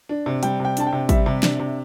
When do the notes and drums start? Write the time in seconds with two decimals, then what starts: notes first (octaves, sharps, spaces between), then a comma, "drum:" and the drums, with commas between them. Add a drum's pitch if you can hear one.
0.09 D4
0.26 C3
0.43 G3 G5, drum: hi-hat
0.60 C3 G5
0.77 D4 A5, drum: hi-hat
0.87 G5
0.93 C3
1.09 G3 E5, drum: kick, hi-hat
1.26 C3
1.43 D4, drum: snare
1.59 C3